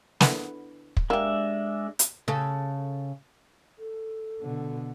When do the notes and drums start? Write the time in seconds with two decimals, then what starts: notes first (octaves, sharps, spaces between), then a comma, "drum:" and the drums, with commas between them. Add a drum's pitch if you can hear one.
0.21 D3 B3 E4, drum: snare
0.97 drum: kick
1.10 G#3 A#3 D4 G4 E5
1.99 drum: hi-hat
2.28 C#3 A4
3.79 A4
4.40 B2 D3